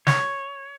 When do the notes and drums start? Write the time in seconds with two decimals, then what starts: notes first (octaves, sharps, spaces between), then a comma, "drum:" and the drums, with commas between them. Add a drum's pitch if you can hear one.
0.07 C#5, drum: snare